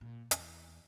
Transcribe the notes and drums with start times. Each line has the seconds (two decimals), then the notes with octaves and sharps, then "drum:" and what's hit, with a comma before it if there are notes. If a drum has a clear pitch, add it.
0.01 A#2
0.31 E2, drum: hi-hat